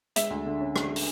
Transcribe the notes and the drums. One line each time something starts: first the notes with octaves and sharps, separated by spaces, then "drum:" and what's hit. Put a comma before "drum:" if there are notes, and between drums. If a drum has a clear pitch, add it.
G#3 E5, drum: hi-hat
D2
D3
C#4
G#3, drum: rim click
drum: open hi-hat